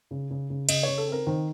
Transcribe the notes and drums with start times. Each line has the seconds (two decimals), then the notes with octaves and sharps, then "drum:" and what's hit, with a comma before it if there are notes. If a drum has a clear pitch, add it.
0.11 C#3
0.30 C#3
0.50 C#3
0.69 C#3 D#5, drum: cymbal
0.83 C#3 C#5
0.98 A4
1.08 C4 A#4
1.27 D#3 C5